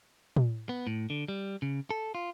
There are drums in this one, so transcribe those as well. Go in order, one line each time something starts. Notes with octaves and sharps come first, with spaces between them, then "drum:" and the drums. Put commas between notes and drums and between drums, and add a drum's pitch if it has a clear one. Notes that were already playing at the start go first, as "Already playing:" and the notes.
drum: tom
B3
A2
D3
G3
C#3
A4
F4